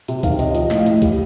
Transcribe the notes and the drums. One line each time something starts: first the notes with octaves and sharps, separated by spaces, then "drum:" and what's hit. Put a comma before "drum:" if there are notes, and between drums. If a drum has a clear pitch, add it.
C3, drum: hi-hat
D#3 F5, drum: kick C#2, hi-hat
C3 D#5, drum: hi-hat
F3 D#5, drum: hi-hat
A2, drum: clap
F5
A2, drum: hi-hat
G3, drum: kick C#2, hi-hat